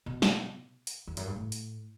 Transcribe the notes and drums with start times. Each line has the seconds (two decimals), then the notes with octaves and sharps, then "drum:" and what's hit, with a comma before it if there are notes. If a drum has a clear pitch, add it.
0.06 B2
0.22 drum: snare
0.87 drum: hi-hat
1.07 E2
1.17 F#2, drum: hi-hat
1.26 G2
1.36 A2
1.52 drum: hi-hat